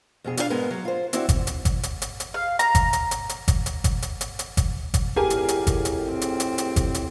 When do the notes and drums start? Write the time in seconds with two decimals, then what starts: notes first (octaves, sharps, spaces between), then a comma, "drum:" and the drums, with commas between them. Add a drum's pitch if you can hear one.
0.24 F2 B2 G#4
0.37 D4 F4 G#4 F5, drum: hi-hat
0.50 G#2 G#3 B3 A#4
0.71 F#3
0.85 F4 C5
1.13 C4 E4 F#4 D5, drum: hi-hat
1.29 drum: kick G1, hi-hat
1.47 drum: hi-hat
1.65 drum: kick G1, hi-hat
1.83 drum: hi-hat
2.02 drum: hi-hat
2.20 drum: hi-hat
2.34 F5
2.59 A#5, drum: hi-hat
2.75 drum: kick G1, hi-hat
2.93 drum: hi-hat
3.11 drum: hi-hat
3.29 drum: hi-hat
3.48 drum: kick G1, hi-hat
3.66 drum: hi-hat
3.84 drum: kick G1, hi-hat
4.02 drum: hi-hat
4.21 drum: hi-hat
4.39 drum: hi-hat
4.57 drum: kick G1, hi-hat
4.94 drum: kick G1, hi-hat
5.16 F2 A2 G4 G#4 A#4 G#5
5.30 drum: hi-hat
5.48 drum: hi-hat
5.67 drum: kick G1, hi-hat
5.85 drum: hi-hat
6.09 C4
6.21 drum: hi-hat
6.40 drum: hi-hat
6.58 drum: hi-hat
6.76 drum: kick G1, hi-hat
6.94 drum: hi-hat